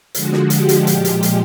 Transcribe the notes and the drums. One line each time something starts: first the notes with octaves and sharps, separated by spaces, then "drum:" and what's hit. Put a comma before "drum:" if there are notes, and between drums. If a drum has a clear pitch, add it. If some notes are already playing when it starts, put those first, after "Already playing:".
D3 F3 G#3 F#4, drum: hi-hat
drum: snare
G4, drum: hi-hat
drum: hi-hat
A#2 F3 G#3, drum: hi-hat
drum: hi-hat
drum: hi-hat